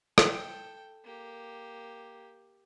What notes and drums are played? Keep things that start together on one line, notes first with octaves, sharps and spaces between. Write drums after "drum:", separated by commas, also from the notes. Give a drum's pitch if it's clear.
A4 G5, drum: rim click
A#3 G4